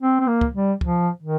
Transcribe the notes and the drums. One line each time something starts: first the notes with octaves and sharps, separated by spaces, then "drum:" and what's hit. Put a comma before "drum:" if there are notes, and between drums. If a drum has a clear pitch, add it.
C4
C4
A#3
drum: kick
G3
F3, drum: kick
D#3